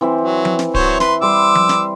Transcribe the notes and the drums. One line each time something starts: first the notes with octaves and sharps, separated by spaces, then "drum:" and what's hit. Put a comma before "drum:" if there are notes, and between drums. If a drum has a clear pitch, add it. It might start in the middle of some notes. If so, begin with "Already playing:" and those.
E3 C4 E5
F#3
drum: tom F3
drum: snare
F#3 C5 C#5, drum: kick D1
B4 C6, drum: snare
G3 C6 D6 E6
drum: tom F3
drum: snare